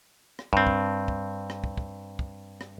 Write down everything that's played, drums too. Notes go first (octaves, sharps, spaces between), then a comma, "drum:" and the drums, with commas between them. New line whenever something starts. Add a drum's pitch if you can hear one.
drum: rim click
G2 C4, drum: kick
drum: kick
drum: kick
drum: rim click
drum: kick
drum: kick
drum: kick
drum: rim click